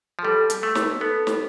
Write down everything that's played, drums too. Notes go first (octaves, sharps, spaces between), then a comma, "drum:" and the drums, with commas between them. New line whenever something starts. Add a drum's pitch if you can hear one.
F3
G3 A4
drum: hi-hat
A3
drum: snare
B3 A4
drum: snare